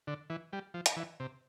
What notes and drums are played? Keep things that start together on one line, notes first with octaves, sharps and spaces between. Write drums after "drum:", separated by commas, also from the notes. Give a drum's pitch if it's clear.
D3
E3
G3
F3
drum: hi-hat
E3
C3